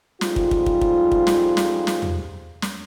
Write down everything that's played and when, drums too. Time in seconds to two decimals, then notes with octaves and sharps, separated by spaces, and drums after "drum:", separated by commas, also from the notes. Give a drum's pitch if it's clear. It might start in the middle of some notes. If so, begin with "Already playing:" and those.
0.21 F2 G#2 G3 F4, drum: snare
0.36 drum: kick
0.51 drum: kick
0.66 drum: kick
0.81 drum: kick
1.12 drum: kick
1.27 drum: snare
1.57 drum: snare
1.87 drum: snare
2.02 drum: tom
2.62 drum: snare